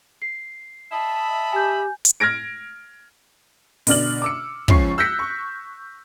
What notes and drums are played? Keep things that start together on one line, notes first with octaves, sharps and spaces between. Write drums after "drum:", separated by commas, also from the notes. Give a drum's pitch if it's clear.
C7
D#5 E5 A5 B5
G4 G#5 G6
drum: hi-hat
F6 G#6 A#6 D7
B2 D3 D5 F6 F#7, drum: open hi-hat
D6 E6 C#7
C#2 F3 C#4 C#6 C7, drum: kick
E6 F#6 G6 A#6 B6 C#7
C#6